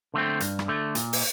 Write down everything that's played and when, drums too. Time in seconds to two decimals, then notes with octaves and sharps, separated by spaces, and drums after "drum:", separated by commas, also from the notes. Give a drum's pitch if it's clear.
0.14 D3 A3 C4
0.40 G2, drum: hi-hat
0.59 drum: rim click
0.68 D3 A3
0.95 A#2, drum: hi-hat
1.13 drum: open hi-hat